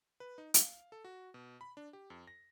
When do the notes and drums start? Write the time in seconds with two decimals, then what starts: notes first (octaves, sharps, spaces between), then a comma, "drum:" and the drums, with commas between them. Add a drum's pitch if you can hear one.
0.20 B4
0.38 D#4
0.54 F5, drum: hi-hat
0.92 A4
1.05 F#4
1.34 B2
1.61 B5
1.77 D4
1.93 G4
2.10 F2
2.27 A#6